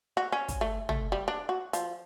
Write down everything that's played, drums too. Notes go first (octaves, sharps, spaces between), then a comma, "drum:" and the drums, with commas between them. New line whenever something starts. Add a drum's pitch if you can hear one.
F#4
C#4
drum: kick, hi-hat
A3
A3, drum: tom
G3
D4
F#4
F3, drum: hi-hat